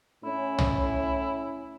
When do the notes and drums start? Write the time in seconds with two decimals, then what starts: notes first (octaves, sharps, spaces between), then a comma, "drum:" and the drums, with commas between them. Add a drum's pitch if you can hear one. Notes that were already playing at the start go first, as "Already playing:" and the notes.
0.24 A2 C#4 E4
0.59 drum: tom